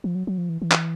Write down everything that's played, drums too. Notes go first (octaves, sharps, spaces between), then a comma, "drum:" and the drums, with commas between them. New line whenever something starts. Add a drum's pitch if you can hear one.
F3
F#3
F#3
F3
E3
E3
drum: clap